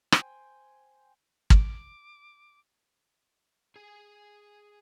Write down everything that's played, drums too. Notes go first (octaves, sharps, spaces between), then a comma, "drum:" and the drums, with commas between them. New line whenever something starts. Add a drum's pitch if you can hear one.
C5 G5 G#5, drum: rim click
D6, drum: kick
G#4 G#5